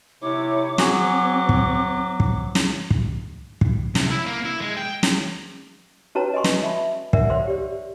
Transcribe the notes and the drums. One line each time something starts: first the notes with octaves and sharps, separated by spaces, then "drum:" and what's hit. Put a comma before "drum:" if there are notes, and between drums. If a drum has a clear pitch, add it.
C3 E4 C#5 D6
F#3 C4 F#4 G#4, drum: snare
drum: kick
drum: kick
drum: snare
drum: kick
drum: kick
C2, drum: snare
E4
A#3
E4
G#3
G5
drum: snare
C#4 F#4 B4 C#5 A5 A#5
D#5 G#5 C6 C#6
drum: snare
E5 A5 B5
D4 A#4 D5 E5 F#5, drum: kick
C5 C#5 F5 C6
G4 D5